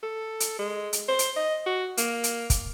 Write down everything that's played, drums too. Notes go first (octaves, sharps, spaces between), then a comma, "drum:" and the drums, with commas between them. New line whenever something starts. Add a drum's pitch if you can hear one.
A4
drum: hi-hat
G#3
drum: hi-hat
C5
drum: hi-hat
D#5
F#4
A#3, drum: hi-hat
drum: hi-hat
drum: kick, hi-hat